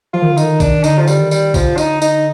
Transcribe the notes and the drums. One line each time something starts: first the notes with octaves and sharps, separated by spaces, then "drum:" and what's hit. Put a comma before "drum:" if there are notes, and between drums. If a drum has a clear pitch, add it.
F3 F4
D#3
D3
D#3 D#4, drum: tambourine
D4, drum: kick, tambourine
D3 D#4, drum: tambourine
F3
G3, drum: tambourine
D#3
G3, drum: tambourine
D3 F3, drum: kick, tambourine
D#4, drum: tambourine
D#4, drum: tambourine